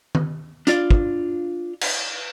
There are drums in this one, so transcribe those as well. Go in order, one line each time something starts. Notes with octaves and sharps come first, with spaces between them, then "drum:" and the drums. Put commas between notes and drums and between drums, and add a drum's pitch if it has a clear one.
drum: tom D#3
D4 F4 D5 F5, drum: hi-hat
drum: kick
drum: cymbal